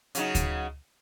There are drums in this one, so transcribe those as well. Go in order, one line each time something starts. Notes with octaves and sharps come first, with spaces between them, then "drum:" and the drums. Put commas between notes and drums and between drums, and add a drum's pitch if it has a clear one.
C#3 F#3 D#4, drum: hi-hat
drum: kick D2, hi-hat